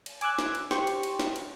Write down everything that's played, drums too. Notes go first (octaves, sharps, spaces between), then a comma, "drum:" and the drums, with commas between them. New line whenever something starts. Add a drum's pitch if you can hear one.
drum: cymbal
G#5 D6 E6 F#6 G#6, drum: cymbal
drum: snare
drum: cymbal
G4 C5 C#6, drum: snare
drum: cymbal
drum: cymbal
drum: snare
drum: cymbal